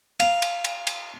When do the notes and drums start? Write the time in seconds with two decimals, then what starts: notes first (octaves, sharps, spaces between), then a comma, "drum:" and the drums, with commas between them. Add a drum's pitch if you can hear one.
0.20 F5, drum: cymbal
0.42 drum: cymbal
0.64 drum: cymbal
0.87 drum: cymbal